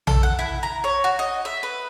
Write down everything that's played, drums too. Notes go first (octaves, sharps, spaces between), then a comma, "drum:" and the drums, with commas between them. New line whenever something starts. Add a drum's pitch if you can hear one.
A4, drum: tom A#1
F#5
E4
A#5
C#5
F#4
D#5
E5
B4